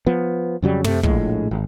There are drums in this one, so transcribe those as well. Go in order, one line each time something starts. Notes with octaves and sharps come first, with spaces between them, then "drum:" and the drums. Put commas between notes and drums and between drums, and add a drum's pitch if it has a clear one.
F3 B3
F2 C#3 F#3 G3
C3 A3, drum: tom
A#1 A2 G#3, drum: kick
G#1